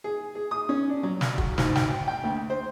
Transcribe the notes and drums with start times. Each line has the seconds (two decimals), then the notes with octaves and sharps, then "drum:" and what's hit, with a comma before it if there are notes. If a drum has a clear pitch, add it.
0.04 G#4
0.35 G#4
0.51 D#6
0.69 C#4
0.89 D4
1.03 F#3
1.21 drum: snare
1.38 F#4, drum: kick
1.58 G#2, drum: snare
1.75 G5, drum: snare
2.08 G5
2.24 D2
2.50 C5